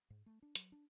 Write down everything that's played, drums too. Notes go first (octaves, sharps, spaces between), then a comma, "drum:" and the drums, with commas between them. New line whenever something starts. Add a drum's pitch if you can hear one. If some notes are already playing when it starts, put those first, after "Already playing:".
G#2
A3
D4
F#3, drum: hi-hat
D4